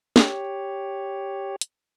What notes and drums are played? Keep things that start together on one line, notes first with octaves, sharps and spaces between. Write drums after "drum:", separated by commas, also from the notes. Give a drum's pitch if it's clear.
G4 C#5, drum: snare
drum: hi-hat